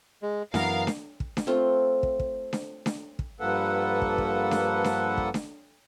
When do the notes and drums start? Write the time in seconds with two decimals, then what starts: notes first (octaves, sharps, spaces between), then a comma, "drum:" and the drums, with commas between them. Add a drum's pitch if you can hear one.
0.22 G#3
0.54 F#2 E3 B3 A#4 F5, drum: snare D4
0.87 drum: snare D4
1.20 drum: kick
1.37 drum: snare D4
1.47 A3 C4 F4
2.03 drum: kick
2.19 drum: kick
2.53 drum: snare D4
2.86 drum: snare D4
3.19 drum: kick
3.40 G2 F3 A#3 A4 B4 F#5
4.02 drum: kick
4.18 drum: kick
4.51 drum: snare D4
4.84 drum: snare D4
5.18 drum: kick
5.34 drum: snare D4